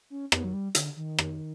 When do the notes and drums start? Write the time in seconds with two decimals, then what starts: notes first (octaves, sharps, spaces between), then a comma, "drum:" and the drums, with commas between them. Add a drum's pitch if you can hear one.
0.10 C#4
0.32 B3, drum: rim click
0.44 F#3
0.53 G3
0.75 D3, drum: hi-hat
0.96 D#3
1.18 drum: rim click